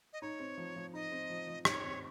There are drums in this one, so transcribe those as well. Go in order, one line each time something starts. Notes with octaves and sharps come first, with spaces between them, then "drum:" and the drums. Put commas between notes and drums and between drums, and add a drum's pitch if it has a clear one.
D#5
D#4 C#5
C4
F3
F3
D#4 D#5
C4
F3
F3
D#4 C#5, drum: rim click
C4